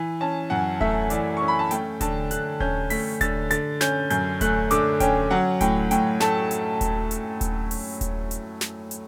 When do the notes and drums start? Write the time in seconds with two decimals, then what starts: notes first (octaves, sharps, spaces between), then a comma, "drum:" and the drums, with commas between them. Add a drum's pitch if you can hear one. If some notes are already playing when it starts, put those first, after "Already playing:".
Already playing: E3
0.20 C#4 A5
0.50 F#2 F#5
0.81 A3 E5, drum: kick D#1
1.10 E3 D5, drum: hi-hat
1.37 C#4 C#6
1.48 B5
1.59 A5
1.71 A3 G5, drum: hi-hat
2.01 D3 A5, drum: kick D#1, hi-hat
2.31 D3 F#6, drum: hi-hat
2.60 C#4 G6, drum: kick D#1
2.90 A3 B6, drum: open hi-hat
3.21 D3 A6, drum: kick D#1, hi-hat
3.51 D3 A6, drum: hi-hat
3.81 C#4 G6, drum: snare
4.10 F#2 G6, drum: hi-hat
4.41 A3 F#6, drum: kick D#1, hi-hat
4.71 D3 D6, drum: hi-hat
5.00 C#4 G5, drum: kick D#1, hi-hat
5.31 F#3 F#5
5.61 A2 G5, drum: kick D#1, hi-hat
5.91 A2 G5, drum: hi-hat
6.20 A3 A5, drum: snare
6.51 drum: hi-hat
6.81 drum: kick D#1, hi-hat
7.11 drum: hi-hat
7.41 drum: kick D#1, hi-hat
7.71 drum: open hi-hat
8.01 drum: kick D#1, hi-hat
8.31 drum: hi-hat
8.61 drum: snare
8.91 drum: hi-hat